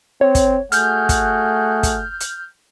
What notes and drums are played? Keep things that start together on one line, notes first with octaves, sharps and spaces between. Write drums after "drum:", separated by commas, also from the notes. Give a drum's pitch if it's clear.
C4 C#5
drum: kick, hi-hat
A3 F#4 G#4 F#5 F6 G6, drum: hi-hat
drum: kick, hi-hat
drum: kick, hi-hat
drum: hi-hat